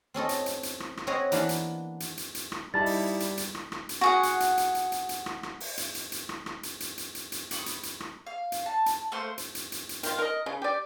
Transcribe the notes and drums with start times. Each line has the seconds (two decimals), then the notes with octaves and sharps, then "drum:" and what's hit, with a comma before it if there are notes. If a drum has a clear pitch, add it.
0.14 C4 C#4 A4 D#5
0.29 drum: hi-hat
0.46 drum: hi-hat
0.63 drum: hi-hat
0.80 drum: rim click
0.97 drum: rim click
1.07 C4 C#4 G#4 C#5 D#5 F#5
1.32 E3 A#3 B3 D4 F5 B5, drum: hi-hat
1.49 drum: hi-hat
2.00 drum: hi-hat
2.17 drum: hi-hat
2.35 drum: hi-hat
2.52 drum: rim click
2.74 G3 D#4 E4 A5 A6
2.86 drum: open hi-hat
3.20 drum: hi-hat
3.37 drum: hi-hat
3.55 drum: rim click
3.72 drum: rim click
3.89 drum: hi-hat
4.01 F#4 G#4 F#5
4.23 drum: hi-hat
4.40 drum: hi-hat
4.58 drum: hi-hat
4.75 drum: hi-hat
4.92 drum: hi-hat
5.09 drum: hi-hat
5.26 drum: rim click
5.43 drum: rim click
5.60 drum: open hi-hat
5.78 drum: hi-hat
5.95 drum: hi-hat
6.12 drum: hi-hat
6.29 drum: rim click
6.46 drum: rim click
6.63 drum: hi-hat
6.80 drum: hi-hat
6.98 drum: hi-hat
7.15 drum: hi-hat
7.32 drum: hi-hat
7.51 B5 C#6 D#6, drum: hi-hat
7.66 drum: hi-hat
7.83 drum: hi-hat
8.00 drum: rim click
8.27 F5
8.52 drum: hi-hat
8.66 A5
8.86 drum: hi-hat
9.12 A3 A#3 C5 C6
9.38 drum: hi-hat
9.55 drum: hi-hat
9.72 drum: hi-hat
9.89 drum: hi-hat
10.03 D#3 F4, drum: hi-hat
10.19 A#4 D#5
10.46 C#3
10.62 G4 D5